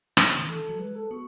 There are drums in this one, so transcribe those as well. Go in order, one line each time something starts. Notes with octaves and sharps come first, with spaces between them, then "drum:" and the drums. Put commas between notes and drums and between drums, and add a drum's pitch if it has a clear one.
C#3 A3, drum: rim click
C#4
D#3
E3 A4
F#3
G#3 B4
A4
B3 F#4